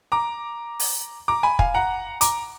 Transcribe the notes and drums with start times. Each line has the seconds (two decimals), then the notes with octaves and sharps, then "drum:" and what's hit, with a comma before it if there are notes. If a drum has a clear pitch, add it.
0.12 A#5 D6
0.80 drum: open hi-hat
1.28 A#5 D6
1.43 G#5 B5
1.59 F5 G#5, drum: kick
1.74 F#5 A#5
2.21 A#5 D6, drum: hi-hat